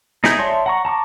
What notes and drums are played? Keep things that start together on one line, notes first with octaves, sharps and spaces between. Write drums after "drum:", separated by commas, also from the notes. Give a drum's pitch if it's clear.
D#4 E4 G#4 G6, drum: snare
C#5 D5 E5 A5 C6
F#5 A#5 C#6
A5 A#5 C#6 D6